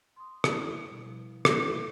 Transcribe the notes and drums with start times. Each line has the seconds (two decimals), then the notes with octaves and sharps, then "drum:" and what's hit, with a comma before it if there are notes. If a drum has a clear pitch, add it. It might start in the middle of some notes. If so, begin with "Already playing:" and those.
0.16 C6 D#6
0.44 E4, drum: rim click
0.88 B2 G3
1.05 B2 F3
1.45 E4 A4 B4, drum: rim click